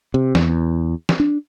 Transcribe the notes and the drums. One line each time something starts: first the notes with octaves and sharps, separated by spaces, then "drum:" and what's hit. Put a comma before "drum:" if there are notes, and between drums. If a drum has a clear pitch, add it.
C3
E2, drum: snare
drum: snare
D4